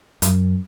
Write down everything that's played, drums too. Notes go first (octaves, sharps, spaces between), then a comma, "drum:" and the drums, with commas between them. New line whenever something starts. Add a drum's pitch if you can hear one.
F#2, drum: hi-hat